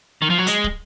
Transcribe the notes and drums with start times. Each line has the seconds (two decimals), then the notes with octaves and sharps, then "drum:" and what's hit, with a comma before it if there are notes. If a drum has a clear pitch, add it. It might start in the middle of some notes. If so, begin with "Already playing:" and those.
0.22 D#3
0.30 F3
0.38 F#3
0.47 G#3, drum: hi-hat
0.64 drum: kick